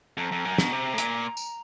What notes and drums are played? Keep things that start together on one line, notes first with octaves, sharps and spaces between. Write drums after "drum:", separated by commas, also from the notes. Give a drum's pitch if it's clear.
F2 A#5
F2
F#2
B2, drum: snare
C3
A2
A#2, drum: hi-hat
drum: tambourine